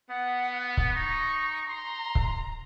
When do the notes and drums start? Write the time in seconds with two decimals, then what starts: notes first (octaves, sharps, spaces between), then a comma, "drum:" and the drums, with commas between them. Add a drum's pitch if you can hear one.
0.10 B3 F#5
0.77 drum: kick C#1
0.95 D#4 C#6
1.69 A#5 C6
2.15 drum: kick C#1